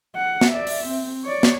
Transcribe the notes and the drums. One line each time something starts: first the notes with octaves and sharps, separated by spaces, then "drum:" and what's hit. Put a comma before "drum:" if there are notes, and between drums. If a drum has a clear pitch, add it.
F#5
drum: snare
D5 E5
drum: open hi-hat
C4
C#5 D5
drum: snare